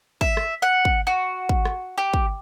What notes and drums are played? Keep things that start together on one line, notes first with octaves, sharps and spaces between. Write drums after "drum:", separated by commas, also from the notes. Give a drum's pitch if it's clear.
E5, drum: kick
drum: rim click
F#5
drum: kick
F#4
drum: kick
drum: rim click
G4
drum: kick